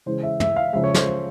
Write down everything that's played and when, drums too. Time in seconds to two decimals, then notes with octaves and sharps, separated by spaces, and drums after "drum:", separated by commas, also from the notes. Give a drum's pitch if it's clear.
0.06 C#3 E3 G#3 C5
0.23 E5
0.40 E5, drum: tom
0.56 F5
0.73 C#3 F3 G#3 E5
0.84 C#5
0.94 C5, drum: snare
1.07 C5